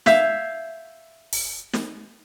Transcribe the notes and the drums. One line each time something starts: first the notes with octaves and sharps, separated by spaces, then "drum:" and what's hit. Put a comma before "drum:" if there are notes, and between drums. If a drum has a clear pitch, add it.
E5 F5 E6 G6 G#6, drum: snare
drum: open hi-hat
drum: snare